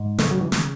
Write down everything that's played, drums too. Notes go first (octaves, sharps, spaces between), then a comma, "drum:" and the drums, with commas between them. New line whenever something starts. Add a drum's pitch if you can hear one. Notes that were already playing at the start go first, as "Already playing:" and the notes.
Already playing: G#2
C#3 A3, drum: snare
F#3
E3
drum: snare